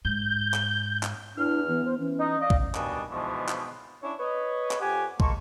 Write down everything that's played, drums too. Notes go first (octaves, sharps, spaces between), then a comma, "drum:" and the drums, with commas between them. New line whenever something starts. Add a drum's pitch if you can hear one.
G#2 G6
drum: clap
drum: clap
E2 D4 E4 F6
E3 B3
C5
E3 C#4
D#4
D5 D#5 F5
drum: kick
D#2 B2 G3 D4 D#5 G#5, drum: clap
G#2 B2 D3 E3 F3 G#3
drum: clap
C#4 D4 E4 C#5
B4 C#5 D#5
drum: clap
F2 G4 F#5 G#5
G#3 A#3 A5 C6 C#6, drum: kick